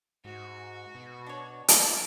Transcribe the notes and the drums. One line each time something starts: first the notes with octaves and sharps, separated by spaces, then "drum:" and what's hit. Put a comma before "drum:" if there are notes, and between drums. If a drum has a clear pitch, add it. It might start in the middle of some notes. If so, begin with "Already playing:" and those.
G#2 F#4
B2
D4 C#5
A#3 D#4 E4 A4, drum: hi-hat